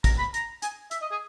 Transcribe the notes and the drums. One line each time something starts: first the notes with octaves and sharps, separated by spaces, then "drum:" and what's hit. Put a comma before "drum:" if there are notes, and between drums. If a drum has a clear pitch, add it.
A#5, drum: kick, hi-hat
B5
A#5, drum: hi-hat
G#5, drum: hi-hat
E5, drum: hi-hat
D#5
G#4